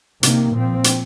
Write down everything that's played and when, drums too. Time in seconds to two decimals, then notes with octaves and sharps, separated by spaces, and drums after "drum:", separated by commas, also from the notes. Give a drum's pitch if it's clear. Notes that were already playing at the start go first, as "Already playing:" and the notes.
0.23 C3 D#3 A#3, drum: hi-hat
0.53 A#2 F3 C4
0.84 drum: hi-hat